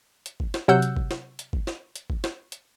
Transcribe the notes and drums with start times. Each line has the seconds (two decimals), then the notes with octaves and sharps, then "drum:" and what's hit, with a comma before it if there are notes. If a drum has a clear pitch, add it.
0.26 drum: hi-hat
0.40 drum: kick
0.54 drum: snare
0.68 C3 F#3 F#5 E6 F#6 G6
0.82 drum: hi-hat
0.97 drum: kick
1.11 drum: snare
1.39 drum: hi-hat
1.53 drum: kick
1.67 drum: snare
1.96 drum: hi-hat
2.10 drum: kick
2.24 drum: snare
2.52 drum: hi-hat